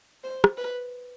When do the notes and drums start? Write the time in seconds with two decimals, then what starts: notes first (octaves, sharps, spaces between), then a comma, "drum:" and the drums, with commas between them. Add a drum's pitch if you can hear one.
0.24 C5
0.44 drum: rim click
0.58 B4